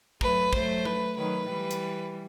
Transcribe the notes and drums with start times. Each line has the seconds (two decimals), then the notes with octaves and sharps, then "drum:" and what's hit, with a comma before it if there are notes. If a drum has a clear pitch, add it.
0.21 F#3 A3 B4, drum: kick
0.53 F#3 A3 C5, drum: kick
0.85 B4, drum: tom F#3
1.16 D#3 F#3 B4
1.48 E3 G3
1.71 drum: hi-hat